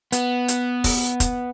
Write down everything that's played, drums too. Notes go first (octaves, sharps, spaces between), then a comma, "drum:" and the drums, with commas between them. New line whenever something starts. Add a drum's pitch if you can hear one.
B3, drum: hi-hat
drum: hi-hat
drum: kick F1, open hi-hat
drum: kick F1, hi-hat